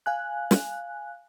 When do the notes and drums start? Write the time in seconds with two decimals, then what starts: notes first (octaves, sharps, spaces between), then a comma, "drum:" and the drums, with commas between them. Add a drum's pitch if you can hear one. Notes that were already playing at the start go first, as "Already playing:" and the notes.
0.06 F5 G#5 F#6
0.51 drum: snare